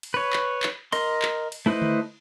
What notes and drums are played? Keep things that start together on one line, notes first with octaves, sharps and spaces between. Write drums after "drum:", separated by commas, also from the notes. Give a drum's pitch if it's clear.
drum: cymbal
B4 C#5
drum: clap
drum: clap
A#4 D#5 C6, drum: cymbal
drum: clap
drum: cymbal
A3 E4 B4 C5 D#5
drum: tom D3